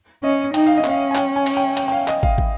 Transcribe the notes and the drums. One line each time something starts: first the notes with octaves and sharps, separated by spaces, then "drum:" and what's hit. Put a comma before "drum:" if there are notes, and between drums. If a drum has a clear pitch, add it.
C#4 D#5
D#4 G5, drum: cymbal
F5
D#5
C#4, drum: clap
F5
G#5
G5, drum: clap
G#5
drum: cymbal
G5
G5, drum: cymbal
G5
F5
D#5, drum: clap
F5, drum: kick
drum: kick